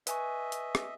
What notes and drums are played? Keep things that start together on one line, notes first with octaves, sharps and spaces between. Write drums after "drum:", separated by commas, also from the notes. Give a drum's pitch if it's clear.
B4 D#5 E5 G#5 C#6, drum: hi-hat
drum: hi-hat
drum: rim click